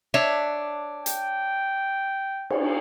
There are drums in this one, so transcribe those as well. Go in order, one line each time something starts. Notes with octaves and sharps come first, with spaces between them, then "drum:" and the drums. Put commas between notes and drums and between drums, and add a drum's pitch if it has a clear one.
D4 C#5 E5
G5, drum: hi-hat
drum: cymbal